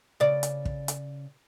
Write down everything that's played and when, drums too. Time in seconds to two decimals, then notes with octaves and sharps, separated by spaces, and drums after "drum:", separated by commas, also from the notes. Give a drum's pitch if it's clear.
0.20 C#3 D5
0.43 drum: hi-hat
0.65 drum: kick
0.88 drum: hi-hat